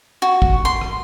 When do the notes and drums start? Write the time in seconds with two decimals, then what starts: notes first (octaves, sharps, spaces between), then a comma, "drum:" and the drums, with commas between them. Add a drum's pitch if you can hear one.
0.22 F#4
0.42 drum: kick
0.65 C6
0.81 drum: rim click